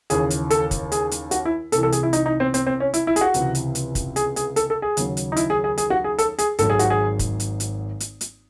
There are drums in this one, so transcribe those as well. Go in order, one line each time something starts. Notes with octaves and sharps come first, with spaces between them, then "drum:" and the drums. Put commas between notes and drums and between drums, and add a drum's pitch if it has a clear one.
D#2 C#3 E3 G#4, drum: hi-hat
drum: hi-hat
A4, drum: hi-hat
drum: kick, hi-hat
G#4, drum: hi-hat
drum: hi-hat
F#4, drum: hi-hat
E4
C2 C3 E3 A4, drum: hi-hat
A4
G#4, drum: hi-hat
E4
D#4, drum: hi-hat
D#4
C4
C4, drum: hi-hat
C4
C#4
E4, drum: hi-hat
E4
G#4, drum: hi-hat
F#4
C#2 C3 E3, drum: hi-hat
drum: hi-hat
drum: hi-hat
drum: kick, hi-hat
G#4, drum: hi-hat
G#4, drum: hi-hat
A4, drum: hi-hat
A4
G#4
D#2 C#3 F#3, drum: hi-hat
drum: hi-hat
D#4
E4, drum: hi-hat
G#4
G#4
G#4, drum: hi-hat
F#4
G#4
A4, drum: hi-hat
G#4, drum: hi-hat
G#1 G#2 F#3 A4, drum: hi-hat
G#4
F#4, drum: hi-hat
G#4
drum: kick, hi-hat
drum: hi-hat
drum: hi-hat
drum: hi-hat
drum: hi-hat